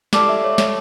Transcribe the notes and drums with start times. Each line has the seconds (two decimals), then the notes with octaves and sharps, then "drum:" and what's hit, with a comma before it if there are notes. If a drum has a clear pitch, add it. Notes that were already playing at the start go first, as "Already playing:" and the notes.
0.13 E4 G4 A4 D5 F5, drum: snare
0.29 E5
0.44 C#5
0.58 C#5, drum: snare